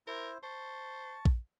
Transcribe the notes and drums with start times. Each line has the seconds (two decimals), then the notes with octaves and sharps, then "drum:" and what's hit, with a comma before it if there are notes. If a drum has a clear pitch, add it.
0.07 E4 A#4 C5
0.43 C5 A5 C#6
1.25 drum: kick A#1